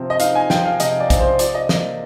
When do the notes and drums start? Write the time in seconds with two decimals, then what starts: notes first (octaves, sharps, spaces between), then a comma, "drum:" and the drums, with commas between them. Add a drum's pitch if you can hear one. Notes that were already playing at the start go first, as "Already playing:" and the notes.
Already playing: C3 F3 C4
0.10 D#5
0.20 D#4 F5, drum: hi-hat
0.35 G#5
0.50 F3 G5, drum: snare
0.65 F5
0.80 C3 D#5, drum: hi-hat
1.00 D5
1.10 C4, drum: kick, hi-hat
1.20 C5
1.39 F4 D5, drum: hi-hat
1.54 D#5
1.69 A#3 D#5, drum: snare